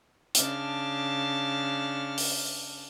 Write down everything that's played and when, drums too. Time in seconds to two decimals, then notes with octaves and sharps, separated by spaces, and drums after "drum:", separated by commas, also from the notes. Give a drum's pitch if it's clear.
0.35 C#3 D4 A5 F6, drum: hi-hat
2.18 drum: open hi-hat